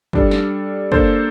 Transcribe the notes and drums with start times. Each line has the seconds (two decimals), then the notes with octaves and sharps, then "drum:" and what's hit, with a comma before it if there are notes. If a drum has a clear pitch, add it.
0.13 G3 D4 A4, drum: kick
0.31 drum: snare
0.92 A#3 D4 A4 C5, drum: kick